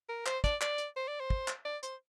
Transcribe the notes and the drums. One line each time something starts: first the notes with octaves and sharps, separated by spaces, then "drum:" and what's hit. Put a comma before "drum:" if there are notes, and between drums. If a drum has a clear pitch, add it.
A#4
C5, drum: clap
D5, drum: kick, hi-hat
D5, drum: clap
drum: hi-hat
C5
D5
C5
drum: kick
drum: clap
D5
C5, drum: hi-hat